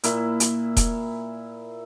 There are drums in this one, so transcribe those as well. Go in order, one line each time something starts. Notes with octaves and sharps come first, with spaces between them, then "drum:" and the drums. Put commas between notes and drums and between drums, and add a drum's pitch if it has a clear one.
A#2 E4, drum: hi-hat
drum: hi-hat
drum: kick E1, hi-hat